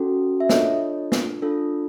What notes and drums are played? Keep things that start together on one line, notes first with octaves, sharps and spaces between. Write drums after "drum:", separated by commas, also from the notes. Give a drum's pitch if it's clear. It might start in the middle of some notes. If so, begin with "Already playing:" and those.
Already playing: C#4 F#4 A4
E5
D4 F4 A4 C#5 D#5, drum: snare
drum: snare
D4 F4 A4